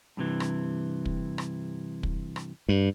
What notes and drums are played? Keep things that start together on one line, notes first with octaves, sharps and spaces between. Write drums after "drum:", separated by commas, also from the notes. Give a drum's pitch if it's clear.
G2 C3 E3
drum: rim click
drum: kick
drum: rim click
drum: kick
drum: rim click
G2